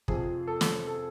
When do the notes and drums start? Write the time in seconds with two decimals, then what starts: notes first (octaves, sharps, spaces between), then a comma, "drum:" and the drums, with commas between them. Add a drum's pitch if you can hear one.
0.08 F2 C3 F3 G#4, drum: kick
0.47 A4
0.61 drum: snare
0.87 A4